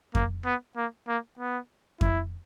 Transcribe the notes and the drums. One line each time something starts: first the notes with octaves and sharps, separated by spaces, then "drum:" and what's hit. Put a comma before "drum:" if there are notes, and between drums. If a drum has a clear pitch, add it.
A#3, drum: kick F2
B3
A#3
A#3
B3
E4, drum: kick F2